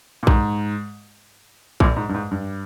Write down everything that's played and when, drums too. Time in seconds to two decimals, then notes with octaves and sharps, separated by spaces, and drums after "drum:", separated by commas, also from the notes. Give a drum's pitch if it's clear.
0.23 A#2
0.27 G#2, drum: kick
1.80 A#1 A#2, drum: kick
1.97 G#2
2.09 G2
2.14 G#2
2.31 G2